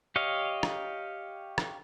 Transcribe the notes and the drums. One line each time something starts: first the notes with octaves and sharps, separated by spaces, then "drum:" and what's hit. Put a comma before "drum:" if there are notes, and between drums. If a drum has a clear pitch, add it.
G4 C#5 D#5 F5
drum: rim click
drum: rim click